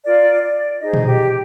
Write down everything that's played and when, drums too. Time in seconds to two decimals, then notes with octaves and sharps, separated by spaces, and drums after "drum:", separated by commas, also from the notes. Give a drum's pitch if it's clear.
0.05 F4 A#4 D5
0.43 D5
0.82 D#4 G#4 C5 D#5
0.93 drum: tom A#2
1.06 G4 G5